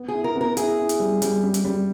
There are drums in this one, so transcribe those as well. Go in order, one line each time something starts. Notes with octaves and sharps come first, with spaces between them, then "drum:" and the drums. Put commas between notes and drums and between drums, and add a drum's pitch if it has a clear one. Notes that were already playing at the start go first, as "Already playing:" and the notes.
Already playing: B3
G#4
E4
A#4
B3
A#4
E4 G#4, drum: hi-hat
E4
drum: hi-hat
G3
G3, drum: hi-hat
G3
drum: hi-hat
G3